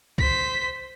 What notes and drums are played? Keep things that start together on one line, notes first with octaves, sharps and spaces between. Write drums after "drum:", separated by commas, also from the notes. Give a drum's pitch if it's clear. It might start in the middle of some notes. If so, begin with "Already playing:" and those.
C5 B6, drum: kick C2